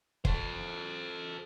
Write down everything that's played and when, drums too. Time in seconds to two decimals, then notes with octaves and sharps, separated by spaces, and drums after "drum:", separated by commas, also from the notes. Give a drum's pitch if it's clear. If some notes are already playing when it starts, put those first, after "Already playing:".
0.25 A4 C5, drum: kick